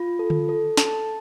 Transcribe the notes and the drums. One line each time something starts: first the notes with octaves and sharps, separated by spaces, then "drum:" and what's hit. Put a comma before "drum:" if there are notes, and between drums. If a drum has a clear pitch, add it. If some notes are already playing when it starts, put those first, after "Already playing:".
Already playing: F4
A4
drum: tom D3
A4
A5, drum: snare